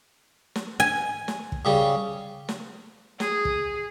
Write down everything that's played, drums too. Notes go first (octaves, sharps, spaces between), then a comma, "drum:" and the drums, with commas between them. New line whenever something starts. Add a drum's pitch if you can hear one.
drum: snare
G#5
drum: snare
drum: kick
C#3 G3
drum: snare
G#4, drum: snare
drum: kick